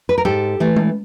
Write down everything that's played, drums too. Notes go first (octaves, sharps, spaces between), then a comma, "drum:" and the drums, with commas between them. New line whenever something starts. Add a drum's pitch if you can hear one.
B4
A#4
G#2 G4 A4
E3 A3
drum: tom G#3